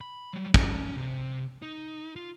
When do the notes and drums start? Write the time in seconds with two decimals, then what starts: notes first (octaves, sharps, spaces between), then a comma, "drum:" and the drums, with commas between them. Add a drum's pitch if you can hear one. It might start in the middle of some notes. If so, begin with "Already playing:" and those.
0.01 B5
0.33 F#3 G3
0.54 C#4, drum: kick
0.96 C3
1.62 D#4
2.16 F4